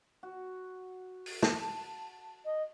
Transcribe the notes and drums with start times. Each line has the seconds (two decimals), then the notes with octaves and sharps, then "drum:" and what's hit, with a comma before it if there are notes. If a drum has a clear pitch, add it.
0.23 F#4
1.26 drum: open hi-hat
1.42 A5, drum: snare
2.45 D#5